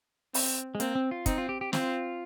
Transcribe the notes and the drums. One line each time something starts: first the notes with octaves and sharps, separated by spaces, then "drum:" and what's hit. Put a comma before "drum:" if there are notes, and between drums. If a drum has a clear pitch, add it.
C4, drum: open hi-hat
G#3
A#3 C4, drum: hi-hat
C4
F4
C4 D#4, drum: kick, hi-hat
F4
G4
G4
C4 F4, drum: snare